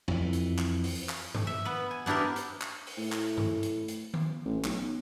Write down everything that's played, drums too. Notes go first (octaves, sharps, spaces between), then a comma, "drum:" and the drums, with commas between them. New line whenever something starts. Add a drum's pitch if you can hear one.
F2 E3, drum: tom E2
drum: hi-hat
drum: clap
drum: open hi-hat
drum: clap
drum: tom G2
E5
B3 B4
G#5
B3 D4 E4 G4 A#4
drum: hi-hat
drum: clap
drum: open hi-hat
A2
drum: clap
drum: tom G2
drum: hi-hat
drum: hi-hat
drum: tom D#3
A1
B1, drum: clap